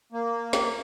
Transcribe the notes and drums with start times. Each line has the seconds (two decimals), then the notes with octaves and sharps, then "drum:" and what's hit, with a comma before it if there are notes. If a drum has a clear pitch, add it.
0.12 A#3
0.53 drum: snare